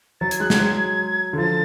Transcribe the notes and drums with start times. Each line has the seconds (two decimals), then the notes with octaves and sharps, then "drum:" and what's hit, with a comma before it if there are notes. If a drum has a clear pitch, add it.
0.21 F#3 A6
0.31 G#6, drum: hi-hat
0.40 G#3 F#6
0.50 G#6, drum: snare
0.60 F#3
1.33 D3
1.38 F3 A6